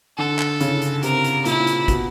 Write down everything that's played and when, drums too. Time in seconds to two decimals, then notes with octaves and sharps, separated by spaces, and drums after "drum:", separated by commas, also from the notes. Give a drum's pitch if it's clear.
0.18 D3 A4
0.39 drum: clap
0.60 C#3, drum: hi-hat
0.82 drum: hi-hat
1.03 C3 A#4, drum: hi-hat
1.24 drum: hi-hat
1.45 A#2 E4, drum: hi-hat
1.67 drum: hi-hat
1.88 B2, drum: kick, hi-hat